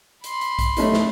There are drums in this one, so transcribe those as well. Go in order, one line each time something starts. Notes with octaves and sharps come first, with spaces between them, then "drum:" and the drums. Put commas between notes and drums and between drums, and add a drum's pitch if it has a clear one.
B5 C6, drum: hi-hat
drum: hi-hat
drum: kick B1, hi-hat
A3 C#4 D#4, drum: hi-hat
drum: snare